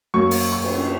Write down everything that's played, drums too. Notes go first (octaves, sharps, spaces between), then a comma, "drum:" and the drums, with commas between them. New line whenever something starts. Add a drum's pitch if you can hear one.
F#2 F#3 A#3 C#6
drum: open hi-hat
C#6
drum: cymbal